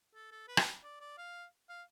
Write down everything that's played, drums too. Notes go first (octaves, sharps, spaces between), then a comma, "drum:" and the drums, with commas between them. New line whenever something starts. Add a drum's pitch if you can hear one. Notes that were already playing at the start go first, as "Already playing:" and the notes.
A4
A4
B4
drum: rim click
D5
D5
F5
F5